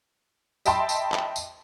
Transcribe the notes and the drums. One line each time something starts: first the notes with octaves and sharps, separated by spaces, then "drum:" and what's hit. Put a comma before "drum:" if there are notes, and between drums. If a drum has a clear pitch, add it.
D#5 E5 G5 A5 B5 C6, drum: tambourine
drum: tambourine
drum: clap
drum: tambourine